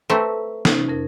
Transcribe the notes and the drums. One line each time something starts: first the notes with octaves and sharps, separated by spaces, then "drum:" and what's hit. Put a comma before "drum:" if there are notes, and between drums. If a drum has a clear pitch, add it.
A3 C4 B4 A#5 C#6
C3 C#4 D#4, drum: snare
F2 A#4